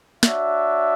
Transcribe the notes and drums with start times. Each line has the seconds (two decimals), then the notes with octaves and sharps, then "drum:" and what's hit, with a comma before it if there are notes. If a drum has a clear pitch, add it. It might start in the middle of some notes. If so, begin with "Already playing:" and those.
0.23 D4 F#4 C#5 E5, drum: snare